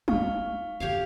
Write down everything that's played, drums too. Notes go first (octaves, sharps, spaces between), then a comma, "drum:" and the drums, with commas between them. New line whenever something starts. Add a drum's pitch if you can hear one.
A3 D#4 F5 C#6 F6, drum: tom G3
E2 D3 G4 C#5 F5